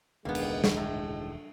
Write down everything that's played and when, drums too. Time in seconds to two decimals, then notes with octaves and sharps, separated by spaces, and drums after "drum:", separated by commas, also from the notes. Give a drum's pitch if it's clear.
0.25 E1 C#2 D#3 G#3 A#3 B3 D4
0.35 drum: cymbal
0.64 drum: snare
0.77 A2